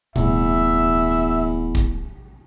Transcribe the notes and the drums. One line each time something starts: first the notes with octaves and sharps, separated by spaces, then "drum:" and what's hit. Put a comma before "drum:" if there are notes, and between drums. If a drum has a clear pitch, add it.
D1 E2 G3 E5, drum: tom B2
drum: kick G#1